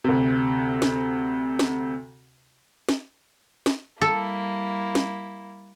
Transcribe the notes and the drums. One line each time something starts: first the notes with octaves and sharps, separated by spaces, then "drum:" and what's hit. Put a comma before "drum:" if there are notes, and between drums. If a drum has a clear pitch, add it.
D2 C3
drum: snare
drum: snare
drum: snare
drum: snare
G3 A#3 E4 A4
drum: snare